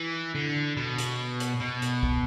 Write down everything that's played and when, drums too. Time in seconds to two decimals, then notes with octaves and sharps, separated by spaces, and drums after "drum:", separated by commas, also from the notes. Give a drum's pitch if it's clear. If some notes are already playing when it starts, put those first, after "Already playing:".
Already playing: E3
0.35 D3
0.77 B2
0.98 drum: hi-hat
1.40 drum: hi-hat
1.61 B2
1.82 drum: hi-hat
2.03 drum: kick C2